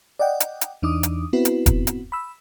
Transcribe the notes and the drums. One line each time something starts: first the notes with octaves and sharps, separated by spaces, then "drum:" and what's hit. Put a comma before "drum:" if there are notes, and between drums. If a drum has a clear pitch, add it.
D5 D#5 F#5 G5
drum: hi-hat
drum: hi-hat
E2 E3 D4 D#4 D6 D#6
drum: hi-hat
B3 C4 E4 F#4 B4
drum: hi-hat
drum: kick E1, hi-hat
drum: hi-hat
B5 E6